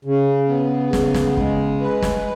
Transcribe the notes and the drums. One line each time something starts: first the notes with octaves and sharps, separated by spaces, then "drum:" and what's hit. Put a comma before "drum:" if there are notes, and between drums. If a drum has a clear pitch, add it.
C#3
B3
C#3, drum: snare
drum: snare
G#3, drum: kick
B4
drum: snare